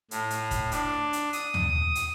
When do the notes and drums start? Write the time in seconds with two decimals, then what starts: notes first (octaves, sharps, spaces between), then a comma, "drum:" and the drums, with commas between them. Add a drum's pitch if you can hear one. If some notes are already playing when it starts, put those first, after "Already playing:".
0.11 A2, drum: hi-hat
0.30 drum: hi-hat
0.51 drum: kick, hi-hat
0.72 D4, drum: hi-hat
1.13 drum: hi-hat
1.33 D#6, drum: hi-hat
1.54 drum: tom
1.70 D#6
1.95 drum: hi-hat